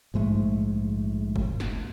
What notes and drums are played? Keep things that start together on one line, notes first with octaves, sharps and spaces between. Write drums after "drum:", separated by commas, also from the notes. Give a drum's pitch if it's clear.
A#1 G#2 G#3 A3
drum: kick
drum: snare